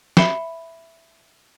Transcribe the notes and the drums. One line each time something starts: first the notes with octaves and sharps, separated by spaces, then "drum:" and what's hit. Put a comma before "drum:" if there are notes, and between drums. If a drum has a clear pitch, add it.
E5 B5 C7 C#7 E7 G7, drum: snare